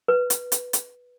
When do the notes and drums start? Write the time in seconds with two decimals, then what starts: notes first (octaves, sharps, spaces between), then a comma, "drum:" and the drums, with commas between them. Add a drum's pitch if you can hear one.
0.08 B4
0.30 drum: hi-hat
0.52 drum: hi-hat
0.73 drum: hi-hat